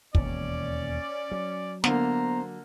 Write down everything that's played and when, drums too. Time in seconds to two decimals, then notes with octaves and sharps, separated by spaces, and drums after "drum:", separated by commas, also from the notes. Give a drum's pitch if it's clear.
0.15 E1 D#2 C#4 D5, drum: kick
1.32 F#3
1.84 D3 A#3 B3 C5 A#5, drum: snare